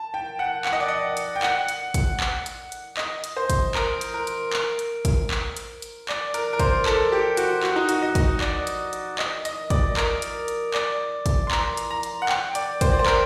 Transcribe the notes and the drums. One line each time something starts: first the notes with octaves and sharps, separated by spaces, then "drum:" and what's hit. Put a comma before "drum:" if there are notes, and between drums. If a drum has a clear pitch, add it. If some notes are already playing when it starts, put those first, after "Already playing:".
Already playing: A5
G5
F#5
F#5, drum: clap
D#5
D5
D#5
drum: hi-hat
G5
F#5, drum: clap
drum: hi-hat
drum: kick, hi-hat
drum: clap
drum: hi-hat
drum: hi-hat
D#5, drum: clap
drum: hi-hat
C5
drum: kick, hi-hat
A#4, drum: clap
drum: hi-hat
A#4
drum: hi-hat
drum: clap
drum: hi-hat
drum: kick, hi-hat
drum: clap
drum: hi-hat
drum: hi-hat
D5, drum: clap
A#4, drum: hi-hat
A#4
C5, drum: kick, hi-hat
A4, drum: clap
G4
F#4, drum: hi-hat
F#4, drum: clap
D#4
F#4, drum: hi-hat
D#5
drum: kick, hi-hat
D5, drum: clap
drum: hi-hat
drum: hi-hat
D#5, drum: clap
D#5, drum: hi-hat
D5, drum: kick, hi-hat
A#4, drum: clap
drum: hi-hat
drum: hi-hat
D5, drum: clap
drum: kick, hi-hat
C6
A#5, drum: clap
drum: hi-hat
A#5
drum: hi-hat
F#5
G5, drum: clap
D5, drum: hi-hat
C5, drum: kick, hi-hat
D5
C5
A#4, drum: clap